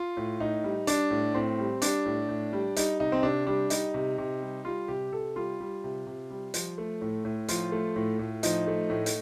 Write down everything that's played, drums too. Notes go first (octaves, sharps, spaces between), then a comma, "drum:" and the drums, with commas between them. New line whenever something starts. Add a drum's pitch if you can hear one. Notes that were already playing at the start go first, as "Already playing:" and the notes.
Already playing: F4
A2
A2 D#4
G3
G3 D4, drum: hi-hat
A2
A2 C4
G3
G3 D4, drum: hi-hat
A2
A2
G3
G3 D#4, drum: hi-hat
C3 D#4
C4
C3 D4
G3 D4
G3 D#4, drum: hi-hat
C3
C3
G3
G3 F4
C3 G4
C3 A4
G3 F4
G3
C3
C3
G3
F3, drum: hi-hat
A3
A2
A2
F3 F4, drum: hi-hat
A3
A2
A2
F3 D#4, drum: hi-hat
A3
A2
drum: hi-hat